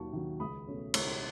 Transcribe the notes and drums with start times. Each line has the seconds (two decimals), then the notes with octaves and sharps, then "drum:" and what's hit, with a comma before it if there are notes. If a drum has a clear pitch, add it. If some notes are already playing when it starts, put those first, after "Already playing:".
Already playing: D#2 D#3 F#3 A5 C#6
0.13 D#3 F#3
0.40 C#2 B5 D#6
0.67 B2 A3 C#4
0.94 C#2 C#6 E6, drum: cymbal